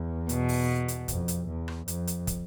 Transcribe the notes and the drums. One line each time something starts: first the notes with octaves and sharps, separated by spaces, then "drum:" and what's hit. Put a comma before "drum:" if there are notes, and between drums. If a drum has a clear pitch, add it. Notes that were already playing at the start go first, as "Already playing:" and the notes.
Already playing: E2
B2, drum: hi-hat
drum: open hi-hat
drum: hi-hat
F2, drum: kick, hi-hat
drum: hi-hat
E2
drum: rim click
F2, drum: hi-hat
drum: hi-hat
drum: kick, hi-hat